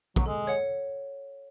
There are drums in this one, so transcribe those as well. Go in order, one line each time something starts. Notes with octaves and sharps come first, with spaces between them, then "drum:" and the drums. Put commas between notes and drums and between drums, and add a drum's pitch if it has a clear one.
F#3, drum: kick
G#3 A4
C#5 F#5